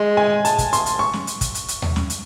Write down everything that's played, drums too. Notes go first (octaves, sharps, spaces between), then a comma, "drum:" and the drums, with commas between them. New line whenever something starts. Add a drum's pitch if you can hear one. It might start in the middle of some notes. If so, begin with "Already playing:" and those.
Already playing: G#3 C6
G#5
A5, drum: hi-hat
drum: kick, hi-hat
C6, drum: hi-hat
drum: hi-hat
C#6
drum: snare
drum: hi-hat
drum: kick, hi-hat
drum: hi-hat
drum: hi-hat
drum: tom D#2
drum: snare
drum: hi-hat